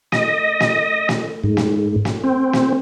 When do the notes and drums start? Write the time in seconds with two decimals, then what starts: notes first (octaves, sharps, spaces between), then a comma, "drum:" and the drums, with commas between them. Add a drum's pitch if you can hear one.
0.12 D#5, drum: snare
0.60 drum: snare
1.09 drum: snare
1.44 G#2
1.57 drum: snare
2.05 drum: snare
2.24 C4
2.53 drum: snare